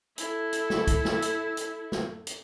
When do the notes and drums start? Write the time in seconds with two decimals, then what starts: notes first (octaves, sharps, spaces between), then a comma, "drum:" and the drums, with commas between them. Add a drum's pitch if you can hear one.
0.18 E4 A4, drum: hi-hat
0.53 drum: hi-hat
0.70 drum: snare
0.87 drum: kick, hi-hat
1.05 drum: snare
1.22 drum: hi-hat
1.57 drum: hi-hat
1.92 drum: snare
2.27 drum: hi-hat